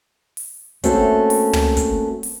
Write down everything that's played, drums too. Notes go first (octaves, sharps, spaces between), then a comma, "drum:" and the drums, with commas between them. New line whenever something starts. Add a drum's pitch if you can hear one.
drum: open hi-hat
A3 A#3 C4 C#4 F#4 A4, drum: kick, hi-hat
drum: open hi-hat
drum: tom
drum: kick, hi-hat
drum: open hi-hat